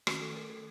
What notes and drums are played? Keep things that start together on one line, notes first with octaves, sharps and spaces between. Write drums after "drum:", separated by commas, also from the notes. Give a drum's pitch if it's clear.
D#3 A3 C#4 F#4, drum: rim click
A4
A#4
A4